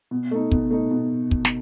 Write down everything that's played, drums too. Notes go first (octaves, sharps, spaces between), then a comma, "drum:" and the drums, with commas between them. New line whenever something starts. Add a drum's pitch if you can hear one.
B2
A3 D#4
B2, drum: kick
A3 D#4
B2
drum: kick
drum: snare